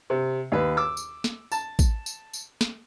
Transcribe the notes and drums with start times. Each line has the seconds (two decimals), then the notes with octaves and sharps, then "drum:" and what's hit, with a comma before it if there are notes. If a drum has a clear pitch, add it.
0.10 C3
0.52 D#2 B4
0.77 D6 E6
0.97 drum: tambourine
1.24 drum: snare
1.52 A5, drum: tambourine
1.79 drum: kick, tambourine
2.06 drum: tambourine
2.33 drum: tambourine
2.61 drum: snare